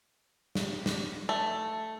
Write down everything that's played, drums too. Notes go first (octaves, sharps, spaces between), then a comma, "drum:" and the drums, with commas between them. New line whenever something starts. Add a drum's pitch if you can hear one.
drum: snare
drum: snare
A3